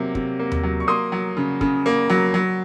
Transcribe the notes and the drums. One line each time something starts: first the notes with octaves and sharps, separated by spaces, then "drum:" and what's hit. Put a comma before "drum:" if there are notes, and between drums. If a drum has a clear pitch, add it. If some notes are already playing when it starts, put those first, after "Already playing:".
Already playing: C3 F#3 A#3
C3, drum: kick
A#3
drum: tom D#2
F#3
C#6
A#3 C6 D#6
F#3
C#3
C#3, drum: kick
A#3
F#3
F#3